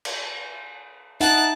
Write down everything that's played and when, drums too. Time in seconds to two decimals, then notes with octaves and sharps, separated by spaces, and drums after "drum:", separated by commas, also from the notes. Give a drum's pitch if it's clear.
0.05 drum: cymbal
1.21 D#4 E5 F#5 A5 F#6, drum: hi-hat